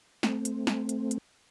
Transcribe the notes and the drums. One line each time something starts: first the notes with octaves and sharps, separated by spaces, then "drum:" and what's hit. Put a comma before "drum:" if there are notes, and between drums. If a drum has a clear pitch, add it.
A3 C4, drum: snare
drum: hi-hat
drum: snare
drum: hi-hat
drum: hi-hat